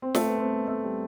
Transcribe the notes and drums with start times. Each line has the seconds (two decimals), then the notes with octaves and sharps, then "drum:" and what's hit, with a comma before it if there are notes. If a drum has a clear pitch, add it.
0.02 C4
0.15 A3, drum: snare
0.26 B3
0.39 C4
0.51 B3
0.68 A3
0.83 G3